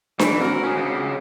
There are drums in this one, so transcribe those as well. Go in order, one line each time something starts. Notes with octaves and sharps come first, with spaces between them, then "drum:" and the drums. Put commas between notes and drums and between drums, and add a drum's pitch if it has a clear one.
E3, drum: snare D4
C4 F#4 A#4
C#4 G#4
C#2 C#3